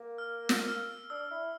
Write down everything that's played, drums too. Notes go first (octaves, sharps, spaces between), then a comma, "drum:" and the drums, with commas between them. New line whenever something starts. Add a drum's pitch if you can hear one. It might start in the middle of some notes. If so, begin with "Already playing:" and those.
Already playing: A#3
F6
F6, drum: snare
E6
F6
D4 E6
E4